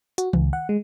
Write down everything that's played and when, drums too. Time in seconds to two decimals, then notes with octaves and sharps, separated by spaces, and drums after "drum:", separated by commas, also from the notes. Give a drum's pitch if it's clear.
0.18 F#4, drum: hi-hat
0.33 C#2, drum: tom D#3
0.53 F#5
0.69 G#3